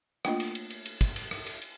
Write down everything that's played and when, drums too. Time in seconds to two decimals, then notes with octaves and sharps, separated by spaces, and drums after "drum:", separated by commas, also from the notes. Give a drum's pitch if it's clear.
0.25 A3 A#3 D4 F4 D#5, drum: rim click
0.40 drum: cymbal
0.55 drum: cymbal
0.70 drum: cymbal
0.86 drum: cymbal
1.01 drum: kick, cymbal
1.16 drum: cymbal
1.31 drum: rim click
1.46 drum: cymbal
1.62 drum: cymbal